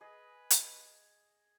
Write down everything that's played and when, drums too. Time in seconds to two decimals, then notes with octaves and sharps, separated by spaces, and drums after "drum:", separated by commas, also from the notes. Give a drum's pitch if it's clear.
0.01 G#4 B4 D#5
0.50 drum: hi-hat